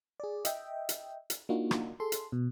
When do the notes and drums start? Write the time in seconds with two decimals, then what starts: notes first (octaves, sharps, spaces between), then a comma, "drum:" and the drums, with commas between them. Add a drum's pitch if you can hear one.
0.20 G#4 D5
0.45 D#5 E5 G5, drum: hi-hat
0.89 drum: hi-hat
1.30 drum: hi-hat
1.49 A#3 D4 D#4 F4 F#4
1.71 drum: rim click
2.00 G#4 A4 C6
2.12 drum: hi-hat
2.32 B2